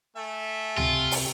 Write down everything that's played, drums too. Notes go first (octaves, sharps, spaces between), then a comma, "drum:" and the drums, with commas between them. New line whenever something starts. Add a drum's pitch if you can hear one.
A3 E5 G#5
C3 C4 F4, drum: tom C#2
drum: open hi-hat